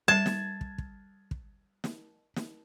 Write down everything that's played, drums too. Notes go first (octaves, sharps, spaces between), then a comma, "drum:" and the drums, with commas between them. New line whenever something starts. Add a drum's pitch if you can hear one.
G3 E5 A5 G#6
drum: snare
drum: kick
drum: kick
drum: kick
drum: snare
drum: snare